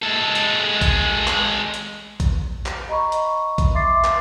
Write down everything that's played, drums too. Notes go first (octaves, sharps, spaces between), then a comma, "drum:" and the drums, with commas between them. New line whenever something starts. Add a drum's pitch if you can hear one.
G#3 A4
drum: hi-hat
drum: kick A#1, hi-hat
drum: clap
drum: hi-hat
drum: kick A#1, hi-hat
drum: clap
D#5 A#5 B5 C#6
drum: hi-hat
drum: kick A#1, hi-hat
E5 C6 D6 A6 C7
drum: clap